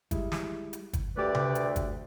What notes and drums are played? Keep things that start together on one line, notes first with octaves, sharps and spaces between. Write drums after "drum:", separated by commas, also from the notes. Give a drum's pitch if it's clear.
G3 G#3 E4, drum: kick, hi-hat
drum: snare
drum: hi-hat
drum: kick, hi-hat
D2 A3 G4 B4 D5
drum: tom C3
drum: hi-hat
drum: kick, hi-hat